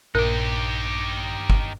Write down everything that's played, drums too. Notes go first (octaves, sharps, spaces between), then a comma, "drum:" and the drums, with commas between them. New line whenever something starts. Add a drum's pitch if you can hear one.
A#1 G2 A#2 D#4 G4 A#4
drum: kick G1